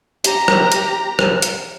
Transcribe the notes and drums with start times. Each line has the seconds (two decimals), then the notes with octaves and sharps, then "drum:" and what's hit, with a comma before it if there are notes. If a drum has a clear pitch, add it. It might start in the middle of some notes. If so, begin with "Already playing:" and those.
0.24 G4 A#5, drum: hi-hat
0.48 drum: rim click
0.72 drum: hi-hat
1.19 drum: rim click
1.42 drum: hi-hat